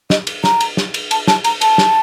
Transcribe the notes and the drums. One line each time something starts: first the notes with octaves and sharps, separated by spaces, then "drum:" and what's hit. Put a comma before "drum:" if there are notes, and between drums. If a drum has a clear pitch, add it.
D#5, drum: snare
drum: cymbal
A#5, drum: snare
drum: cymbal
drum: snare
drum: cymbal
A5, drum: cymbal
A5, drum: snare
A#5, drum: cymbal
A5, drum: cymbal
drum: snare